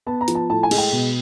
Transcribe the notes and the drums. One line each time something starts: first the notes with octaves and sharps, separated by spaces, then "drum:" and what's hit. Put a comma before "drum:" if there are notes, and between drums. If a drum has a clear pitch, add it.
B3 A5
A#5
F3, drum: hi-hat
A5
A2 A5
G#5
G#3, drum: cymbal
G5
B2